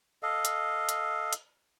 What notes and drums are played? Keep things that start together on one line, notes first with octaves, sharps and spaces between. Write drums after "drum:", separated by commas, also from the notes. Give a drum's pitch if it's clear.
A4 D#5 F5
drum: hi-hat
drum: hi-hat
drum: hi-hat